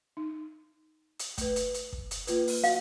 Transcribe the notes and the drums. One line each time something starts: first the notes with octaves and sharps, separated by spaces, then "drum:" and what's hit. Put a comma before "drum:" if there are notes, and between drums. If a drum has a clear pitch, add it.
D#4
drum: hi-hat
A3 B4, drum: kick, hi-hat
drum: hi-hat
drum: hi-hat
drum: kick
drum: hi-hat
A#3 F4 B4, drum: hi-hat
drum: open hi-hat
F#4 F5, drum: hi-hat